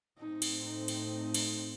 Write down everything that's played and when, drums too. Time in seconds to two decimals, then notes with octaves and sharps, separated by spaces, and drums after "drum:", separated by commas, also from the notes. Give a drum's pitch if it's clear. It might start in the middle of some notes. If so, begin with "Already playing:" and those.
0.19 A2 A3 C4 D#4
0.42 drum: cymbal
0.65 D#4
0.88 drum: cymbal
1.34 drum: cymbal